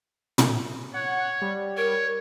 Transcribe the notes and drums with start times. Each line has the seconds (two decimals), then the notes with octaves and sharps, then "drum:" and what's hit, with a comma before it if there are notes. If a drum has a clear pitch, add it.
0.38 drum: tom
0.94 C#5 F#5
1.42 G3
1.77 A#4 C#5